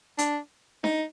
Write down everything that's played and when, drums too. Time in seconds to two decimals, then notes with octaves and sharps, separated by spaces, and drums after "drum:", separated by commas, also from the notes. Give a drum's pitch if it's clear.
0.19 D4, drum: hi-hat
0.84 D#4, drum: snare D4